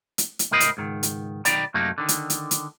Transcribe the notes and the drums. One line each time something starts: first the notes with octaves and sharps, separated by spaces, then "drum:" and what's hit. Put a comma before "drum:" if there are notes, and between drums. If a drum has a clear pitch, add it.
drum: hi-hat
drum: hi-hat
C#2 A2 A#4 C5 D#5 B5
drum: hi-hat
C#2 G#2 D#3
drum: hi-hat
B1 D#3 D5 G5 A#5 B5, drum: hi-hat
F#2 C3 A3 A#3 D#4
D3 D#3
drum: hi-hat
drum: hi-hat
drum: hi-hat